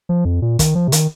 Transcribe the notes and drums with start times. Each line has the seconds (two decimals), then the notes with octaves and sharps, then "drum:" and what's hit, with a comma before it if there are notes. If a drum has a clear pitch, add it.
0.09 F3
0.25 F2
0.42 A#2
0.59 D#3, drum: kick, hi-hat
0.75 F3
0.88 C3
0.92 D#3, drum: hi-hat